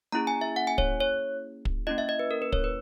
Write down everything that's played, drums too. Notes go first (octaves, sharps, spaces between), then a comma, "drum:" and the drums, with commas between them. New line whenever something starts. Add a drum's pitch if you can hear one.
A#3 C#4 E4 G#4 A#5
G#5
E5
F#5
G#5
C#5, drum: kick
C#5
drum: kick
A#3 C#4 E4 D#5
E5
D#5
B4
A#4
B4
C#5, drum: kick
B4